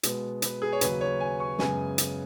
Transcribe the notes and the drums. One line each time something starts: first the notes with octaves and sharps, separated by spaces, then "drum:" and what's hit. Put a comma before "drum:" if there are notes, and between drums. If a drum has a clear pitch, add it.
B2 G#3 B3, drum: hi-hat
B4, drum: hi-hat
G#4
C#5
D#2 C#3 F#3 C#4 B4, drum: hi-hat
C#5
G#5
C#6
F#2 C#3 G#3 B3 G#5, drum: snare
drum: hi-hat